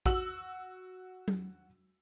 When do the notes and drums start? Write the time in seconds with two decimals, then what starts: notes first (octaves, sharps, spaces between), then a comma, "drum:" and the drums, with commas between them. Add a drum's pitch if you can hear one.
0.06 F#4 E6 F#7, drum: kick A1
1.28 drum: tom F#3